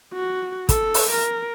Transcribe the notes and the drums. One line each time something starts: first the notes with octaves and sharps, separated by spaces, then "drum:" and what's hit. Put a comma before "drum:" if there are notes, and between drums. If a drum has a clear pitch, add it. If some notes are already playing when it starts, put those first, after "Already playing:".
F#4
A4, drum: kick, hi-hat
drum: open hi-hat
A#4